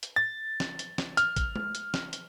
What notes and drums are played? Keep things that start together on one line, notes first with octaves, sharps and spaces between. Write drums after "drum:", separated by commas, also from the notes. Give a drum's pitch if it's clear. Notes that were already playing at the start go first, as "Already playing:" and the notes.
drum: hi-hat
A6
drum: snare
drum: hi-hat
drum: snare
F6, drum: hi-hat
drum: kick, hi-hat
drum: tom
drum: hi-hat
drum: snare
drum: hi-hat